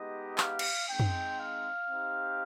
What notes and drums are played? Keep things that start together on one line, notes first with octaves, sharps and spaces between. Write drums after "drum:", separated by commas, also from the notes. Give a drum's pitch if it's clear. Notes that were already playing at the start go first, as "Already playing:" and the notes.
Already playing: G#3 B3 D#4 G4 D#5
F5, drum: clap
drum: cymbal
G#3 C4 D#4 G5
drum: tom
F5
C4 D#4 G4